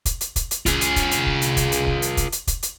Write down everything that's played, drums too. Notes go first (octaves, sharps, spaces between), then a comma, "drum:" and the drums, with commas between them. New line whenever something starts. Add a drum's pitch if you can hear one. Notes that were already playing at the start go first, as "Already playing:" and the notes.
drum: kick, hi-hat
drum: hi-hat
drum: kick, hi-hat
drum: hi-hat
F4 G#4, drum: kick, hi-hat
drum: hi-hat
drum: kick, hi-hat
drum: hi-hat
drum: kick
drum: hi-hat
drum: kick, hi-hat
drum: hi-hat
drum: kick
drum: hi-hat
drum: kick, hi-hat
drum: hi-hat
drum: kick, hi-hat
drum: hi-hat